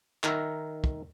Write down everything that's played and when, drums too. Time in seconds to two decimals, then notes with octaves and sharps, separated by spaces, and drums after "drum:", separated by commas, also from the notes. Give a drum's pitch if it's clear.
0.24 D#3 A#4 E5, drum: clap
0.84 drum: kick